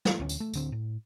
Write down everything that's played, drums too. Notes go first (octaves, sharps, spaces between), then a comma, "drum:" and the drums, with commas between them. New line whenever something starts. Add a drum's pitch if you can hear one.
drum: snare
D2 C#4
drum: tambourine
A3
D1 D3 C4, drum: tambourine
A2